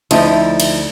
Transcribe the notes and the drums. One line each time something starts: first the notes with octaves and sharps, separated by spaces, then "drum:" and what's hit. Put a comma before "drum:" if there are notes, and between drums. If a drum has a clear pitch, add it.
D2 F3 D#4 E4, drum: cymbal
drum: cymbal